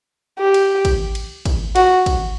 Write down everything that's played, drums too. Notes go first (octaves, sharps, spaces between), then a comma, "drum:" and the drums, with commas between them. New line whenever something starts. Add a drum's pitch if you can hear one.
G4
drum: cymbal
drum: kick, cymbal
drum: cymbal
drum: kick, cymbal
F#4, drum: cymbal
drum: kick, cymbal